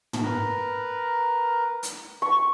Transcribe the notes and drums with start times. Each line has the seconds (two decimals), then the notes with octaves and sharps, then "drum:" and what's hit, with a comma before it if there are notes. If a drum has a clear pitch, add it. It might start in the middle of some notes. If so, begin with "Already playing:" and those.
0.13 drum: tom
0.24 A#4 B4 A#5
1.83 drum: hi-hat
2.22 C#6